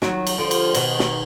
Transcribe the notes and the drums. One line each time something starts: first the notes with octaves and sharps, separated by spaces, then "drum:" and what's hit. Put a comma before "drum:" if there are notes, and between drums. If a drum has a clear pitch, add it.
D#3 F#3, drum: snare
drum: cymbal
D3 F3
drum: cymbal
B2 D#3, drum: cymbal
drum: snare